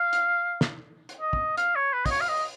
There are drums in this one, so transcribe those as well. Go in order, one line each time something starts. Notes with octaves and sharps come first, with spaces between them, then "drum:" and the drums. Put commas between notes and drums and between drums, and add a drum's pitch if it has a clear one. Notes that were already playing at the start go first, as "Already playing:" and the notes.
Already playing: F5
drum: hi-hat
drum: snare
drum: hi-hat
D#5
drum: kick
F5, drum: hi-hat
C#5
B4
D#5, drum: kick, open hi-hat
C#5
F5
D#5